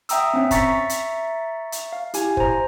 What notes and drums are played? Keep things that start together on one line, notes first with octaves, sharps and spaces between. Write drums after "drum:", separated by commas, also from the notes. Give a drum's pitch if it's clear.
E5 F#5 G5 A#5 D#6 E6, drum: hi-hat
C4 C#4 E5
E5 A#5 C#6 A6 B6 C#7, drum: kick, hi-hat
drum: hi-hat
drum: hi-hat
F5
E4 G4 G#5, drum: hi-hat
C5 A#5, drum: kick